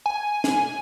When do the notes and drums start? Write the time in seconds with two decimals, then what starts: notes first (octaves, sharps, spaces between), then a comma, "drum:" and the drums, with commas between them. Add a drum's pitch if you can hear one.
0.06 G#5
0.44 drum: snare